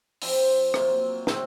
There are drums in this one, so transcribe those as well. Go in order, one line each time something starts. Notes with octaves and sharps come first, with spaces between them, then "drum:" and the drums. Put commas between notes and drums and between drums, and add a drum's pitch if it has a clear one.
F3 C4 F4, drum: open hi-hat
C3 F#3 A#3 F4, drum: rim click
A2 F#3 C4 D#4, drum: snare